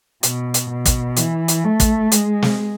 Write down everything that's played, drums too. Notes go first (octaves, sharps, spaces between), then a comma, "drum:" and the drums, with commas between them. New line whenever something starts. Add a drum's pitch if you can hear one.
B2, drum: hi-hat
drum: hi-hat
B2
drum: kick, hi-hat
E3, drum: hi-hat
drum: hi-hat
A3
drum: kick, hi-hat
G#3, drum: hi-hat
drum: snare